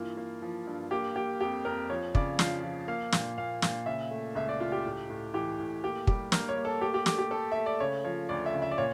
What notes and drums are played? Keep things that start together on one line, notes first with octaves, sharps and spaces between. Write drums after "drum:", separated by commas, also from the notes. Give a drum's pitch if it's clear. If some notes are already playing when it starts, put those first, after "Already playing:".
Already playing: G2 E3 A#3 F4
A#3
F3
G2
A#3 G4
A#3 G4
F2 G4
F2 A#4
F3 C#5
C#3 D5, drum: kick
F3 F5, drum: snare
F3
A#3 F5
A#2, drum: snare
A#2 F5
A#2, drum: snare
C#3 E5
A3
C#2 E5
D5
C#2 F4
G4
A2
A2
E3 G4
A2
A#3 G4
G3 G4, drum: kick
A#3 A#4, drum: snare
C#5
A#3
A4
A3 G4
G4
A3 G4, drum: snare
G4
A3 A4
A3 E5
D5
C#3 C#5
F3 C#5
D2 D5
E5
C#3
E5
D5
A#2 C#5